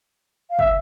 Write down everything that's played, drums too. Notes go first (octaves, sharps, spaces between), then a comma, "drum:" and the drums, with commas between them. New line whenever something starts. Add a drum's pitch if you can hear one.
F5
E5, drum: kick